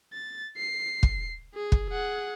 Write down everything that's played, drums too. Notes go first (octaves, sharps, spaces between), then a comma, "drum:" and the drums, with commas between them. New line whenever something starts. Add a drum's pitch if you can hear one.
A6
C7
drum: kick
G#4
drum: kick
G#4 F#5